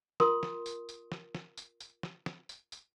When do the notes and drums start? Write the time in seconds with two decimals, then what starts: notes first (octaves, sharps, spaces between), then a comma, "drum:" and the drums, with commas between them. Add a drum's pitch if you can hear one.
0.20 F4 A#4 C6 D#6, drum: snare
0.43 drum: snare
0.66 drum: tambourine
0.89 drum: tambourine
1.12 drum: snare
1.35 drum: snare
1.57 drum: tambourine
1.80 drum: tambourine
2.03 drum: snare
2.26 drum: snare
2.49 drum: tambourine
2.72 drum: tambourine